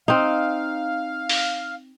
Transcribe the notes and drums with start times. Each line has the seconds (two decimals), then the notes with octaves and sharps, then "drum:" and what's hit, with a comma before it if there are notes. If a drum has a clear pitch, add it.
0.08 C4 D#4 F5
1.29 drum: open hi-hat